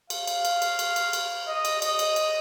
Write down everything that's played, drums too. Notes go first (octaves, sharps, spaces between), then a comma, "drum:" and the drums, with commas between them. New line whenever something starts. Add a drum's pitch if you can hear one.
F5, drum: cymbal
drum: cymbal
drum: cymbal
drum: cymbal
drum: cymbal
drum: cymbal
drum: cymbal
D#5
drum: cymbal
D#5, drum: cymbal
drum: cymbal
drum: cymbal